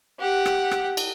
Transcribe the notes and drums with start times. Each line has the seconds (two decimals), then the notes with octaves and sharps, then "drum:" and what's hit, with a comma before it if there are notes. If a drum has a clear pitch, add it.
0.20 G4 F#5
0.46 drum: rim click
0.71 drum: rim click
0.97 drum: cymbal